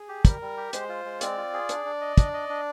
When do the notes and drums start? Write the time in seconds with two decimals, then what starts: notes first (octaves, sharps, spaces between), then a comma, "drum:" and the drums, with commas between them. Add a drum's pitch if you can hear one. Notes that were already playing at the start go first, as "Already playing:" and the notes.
Already playing: G#4
0.09 G4
0.25 G3 A#4, drum: kick, hi-hat
0.41 G3
0.57 G4
0.73 G#3 C5, drum: hi-hat
0.89 F4
1.05 G#3
1.21 C4 D5, drum: hi-hat
1.37 F4
1.54 G#4
1.69 D4, drum: hi-hat
1.85 D4
2.01 D#5
2.18 D4, drum: kick, hi-hat
2.33 D#5
2.49 D4